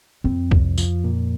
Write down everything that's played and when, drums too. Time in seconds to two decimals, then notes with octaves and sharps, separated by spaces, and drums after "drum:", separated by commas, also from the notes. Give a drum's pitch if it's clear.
0.24 F2 C4
0.51 C2, drum: kick
0.78 F3, drum: tambourine
1.04 A#2